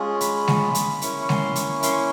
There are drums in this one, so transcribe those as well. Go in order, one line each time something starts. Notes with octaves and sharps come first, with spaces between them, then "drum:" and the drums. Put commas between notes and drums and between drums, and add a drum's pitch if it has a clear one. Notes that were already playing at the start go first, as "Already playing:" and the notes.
Already playing: G#3 C#4 F4 G#4
B5, drum: hi-hat
drum: snare G#3
drum: hi-hat
A#3 C#4 E4 C#6, drum: hi-hat
C#6
C6, drum: snare G#3
C#6, drum: hi-hat
C6, drum: hi-hat
C#6